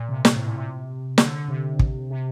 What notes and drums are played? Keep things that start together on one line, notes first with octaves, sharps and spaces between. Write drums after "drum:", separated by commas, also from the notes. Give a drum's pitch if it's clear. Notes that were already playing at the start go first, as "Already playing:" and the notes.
Already playing: A#2
C3
drum: snare
A2
A#2
C3
D3, drum: snare
D3
C3
drum: kick
C3